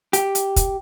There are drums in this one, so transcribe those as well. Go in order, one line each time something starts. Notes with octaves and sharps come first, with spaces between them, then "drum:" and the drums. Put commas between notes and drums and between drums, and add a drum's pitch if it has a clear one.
G4, drum: hi-hat
drum: hi-hat
drum: kick, hi-hat